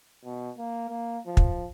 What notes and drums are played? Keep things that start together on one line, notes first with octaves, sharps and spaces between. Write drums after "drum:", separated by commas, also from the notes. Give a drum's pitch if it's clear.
B2
A#3
A#3
F3
drum: kick